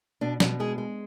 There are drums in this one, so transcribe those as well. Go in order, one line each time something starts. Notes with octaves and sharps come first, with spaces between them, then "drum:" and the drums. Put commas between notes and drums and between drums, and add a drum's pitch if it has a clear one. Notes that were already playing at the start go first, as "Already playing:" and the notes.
B2 D4
B2, drum: snare
G#3 G#4
G#3